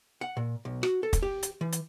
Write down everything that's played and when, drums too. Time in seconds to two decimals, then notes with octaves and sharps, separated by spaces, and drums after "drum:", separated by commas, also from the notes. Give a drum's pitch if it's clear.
0.21 F#5
0.37 A#2
0.65 B1
0.83 F#4, drum: rim click
1.03 A4
1.13 drum: kick, hi-hat
1.23 G4
1.43 drum: hi-hat
1.61 E3
1.72 drum: hi-hat